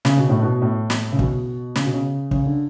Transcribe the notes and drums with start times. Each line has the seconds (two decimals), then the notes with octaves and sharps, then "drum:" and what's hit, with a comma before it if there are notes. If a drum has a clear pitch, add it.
0.05 C#3, drum: snare
0.17 B2
0.29 A2
0.42 B2
0.62 A2
0.90 drum: snare
1.12 C#3
1.19 B2, drum: kick
1.75 C#3, drum: snare
1.84 B2
1.94 C#3
2.31 C#3, drum: kick
2.46 D3